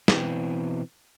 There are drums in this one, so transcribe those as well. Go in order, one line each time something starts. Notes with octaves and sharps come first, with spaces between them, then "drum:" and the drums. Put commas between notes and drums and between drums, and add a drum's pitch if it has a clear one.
B2 E3 C4 B4 G5, drum: snare